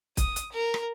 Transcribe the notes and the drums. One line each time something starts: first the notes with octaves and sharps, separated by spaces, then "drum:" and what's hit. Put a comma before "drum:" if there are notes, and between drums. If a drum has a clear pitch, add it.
D#6, drum: kick, hi-hat
drum: hi-hat
A#4
drum: rim click